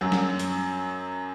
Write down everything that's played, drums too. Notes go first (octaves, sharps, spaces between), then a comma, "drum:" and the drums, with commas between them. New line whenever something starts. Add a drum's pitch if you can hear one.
F#2 F#3
drum: snare G3
drum: hi-hat